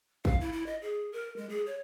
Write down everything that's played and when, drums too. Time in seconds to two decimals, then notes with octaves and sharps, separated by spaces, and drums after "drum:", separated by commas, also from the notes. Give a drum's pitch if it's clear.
0.25 F5, drum: kick
0.41 E4
0.52 E4
0.66 D#5
0.82 G#4
1.12 A#4
1.37 G#3
1.49 G#4
1.66 C#5